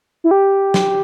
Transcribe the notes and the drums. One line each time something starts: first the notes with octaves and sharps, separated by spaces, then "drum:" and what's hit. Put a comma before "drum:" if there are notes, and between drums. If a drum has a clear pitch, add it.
E4
G4
drum: snare